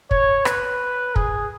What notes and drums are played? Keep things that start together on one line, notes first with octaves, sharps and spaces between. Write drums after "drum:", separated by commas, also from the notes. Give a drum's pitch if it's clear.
C#5, drum: kick
B4, drum: rim click
G#4, drum: kick